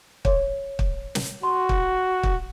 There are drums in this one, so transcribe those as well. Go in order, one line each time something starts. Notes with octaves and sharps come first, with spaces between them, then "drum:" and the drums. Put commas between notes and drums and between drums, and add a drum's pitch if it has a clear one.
C#5, drum: kick
drum: kick
drum: snare
F#4 C6
drum: kick
drum: kick